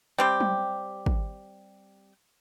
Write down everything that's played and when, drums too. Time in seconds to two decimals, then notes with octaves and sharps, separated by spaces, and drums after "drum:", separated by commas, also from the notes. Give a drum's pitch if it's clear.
0.18 G3 C4 G4
0.40 drum: tom F#3
1.06 drum: kick